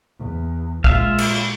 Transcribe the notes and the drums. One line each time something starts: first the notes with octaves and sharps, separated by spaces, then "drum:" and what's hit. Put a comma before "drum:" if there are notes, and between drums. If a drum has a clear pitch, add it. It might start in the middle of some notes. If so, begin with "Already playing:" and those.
E2
A#1 G#3 F4 E5 F5, drum: kick
drum: cymbal